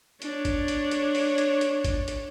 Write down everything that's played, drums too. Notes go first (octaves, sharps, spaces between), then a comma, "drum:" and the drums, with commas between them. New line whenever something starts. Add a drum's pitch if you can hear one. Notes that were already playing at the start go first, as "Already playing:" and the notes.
D4 C#5, drum: hi-hat
drum: kick, hi-hat
drum: hi-hat
drum: hi-hat
drum: open hi-hat
drum: hi-hat
drum: hi-hat
drum: kick, hi-hat
drum: hi-hat